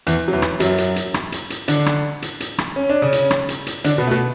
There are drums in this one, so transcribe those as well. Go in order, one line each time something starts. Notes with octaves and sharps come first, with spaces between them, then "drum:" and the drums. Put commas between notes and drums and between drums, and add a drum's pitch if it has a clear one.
E2 E3, drum: hi-hat
F#3
E2 E3
drum: rim click
F#2 F#3, drum: hi-hat
drum: hi-hat
drum: hi-hat
drum: rim click
drum: hi-hat
drum: hi-hat
D3 D4, drum: hi-hat
drum: rim click
drum: hi-hat
drum: hi-hat
drum: rim click
C#4
D4
C#3 C#4
drum: hi-hat
drum: rim click
drum: hi-hat
drum: hi-hat
D3 D4, drum: hi-hat
B2 B3
A3
B2 B3